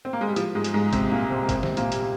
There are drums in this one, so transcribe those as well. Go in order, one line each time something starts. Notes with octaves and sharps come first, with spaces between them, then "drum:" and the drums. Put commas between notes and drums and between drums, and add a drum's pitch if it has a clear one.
C4
A#3
G#3
G3
F3, drum: hi-hat
G#2 G#3
drum: hi-hat
G#2 G#3
C3 C4, drum: kick G1, hi-hat
A#2 A#3
C3 C4
A#3
C3 C4, drum: kick G1, hi-hat
C3 C4, drum: snare
A#2 A#3, drum: hi-hat
G3, drum: hi-hat